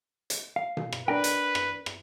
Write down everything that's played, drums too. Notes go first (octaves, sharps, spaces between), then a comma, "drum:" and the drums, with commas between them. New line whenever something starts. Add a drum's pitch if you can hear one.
drum: hi-hat
F5
drum: tom B2
drum: rim click
D4 A#4 B4 G5
drum: hi-hat
drum: rim click
drum: rim click